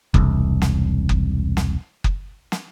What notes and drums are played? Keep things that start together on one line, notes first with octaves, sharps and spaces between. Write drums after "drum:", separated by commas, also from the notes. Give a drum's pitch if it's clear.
E1 C2, drum: kick F#1
drum: snare
drum: kick F#1
drum: snare
drum: kick F#1
drum: snare